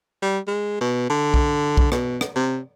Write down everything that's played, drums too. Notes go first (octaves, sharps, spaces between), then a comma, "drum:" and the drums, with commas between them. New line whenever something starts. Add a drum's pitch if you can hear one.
G3
G#3
B2
D3
drum: kick B1
drum: kick B1
B2, drum: rim click
drum: rim click
C3